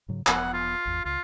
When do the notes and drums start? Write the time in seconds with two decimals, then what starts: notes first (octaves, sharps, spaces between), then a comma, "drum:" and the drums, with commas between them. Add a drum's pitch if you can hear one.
0.08 G#2 C#3 F#3
0.27 E1 F3 B3 F#5, drum: clap
0.54 F4
0.85 G#1 E2
1.05 C#2 F4